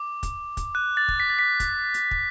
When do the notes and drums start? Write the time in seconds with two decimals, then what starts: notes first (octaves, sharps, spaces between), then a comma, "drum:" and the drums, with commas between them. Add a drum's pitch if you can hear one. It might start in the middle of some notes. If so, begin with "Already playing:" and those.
Already playing: D6
0.23 drum: kick, hi-hat
0.57 drum: kick, hi-hat
0.75 F#6
0.97 A6
1.08 drum: kick
1.20 B6
1.30 A6
1.39 B6
1.60 drum: kick, hi-hat
1.94 drum: hi-hat
2.11 drum: kick